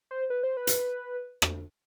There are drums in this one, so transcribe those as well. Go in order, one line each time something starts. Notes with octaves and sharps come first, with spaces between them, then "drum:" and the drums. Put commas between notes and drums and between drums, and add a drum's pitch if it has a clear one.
C5
B4
C5
B4
drum: hi-hat
drum: rim click